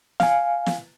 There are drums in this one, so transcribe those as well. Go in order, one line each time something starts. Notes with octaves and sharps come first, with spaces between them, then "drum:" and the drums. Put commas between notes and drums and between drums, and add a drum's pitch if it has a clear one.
F5 G#5, drum: snare
drum: snare